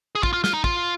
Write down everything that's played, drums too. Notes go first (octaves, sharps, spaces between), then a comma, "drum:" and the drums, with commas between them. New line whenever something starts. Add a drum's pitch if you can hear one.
G#4
F4, drum: kick
F4
F4, drum: snare
D#4
F4, drum: kick